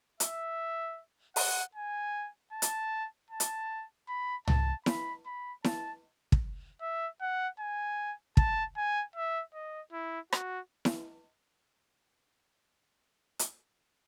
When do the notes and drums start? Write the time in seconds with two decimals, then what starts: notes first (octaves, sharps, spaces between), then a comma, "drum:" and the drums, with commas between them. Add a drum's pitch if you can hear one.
0.20 E5, drum: hi-hat
1.36 F#5, drum: open hi-hat
1.75 G#5
2.53 A5
2.62 drum: hi-hat
3.30 A5
3.40 drum: hi-hat
4.09 B5
4.48 A5, drum: tom
4.86 B5, drum: snare E4
5.26 B5
5.64 A5, drum: snare E4
6.32 drum: kick
6.81 E5
7.21 F#5
7.59 G#5
8.37 A5, drum: kick
8.77 G#5
9.16 E5
9.54 D#5
9.92 E4
10.32 F#4, drum: rim click
10.85 drum: snare E4
13.39 drum: hi-hat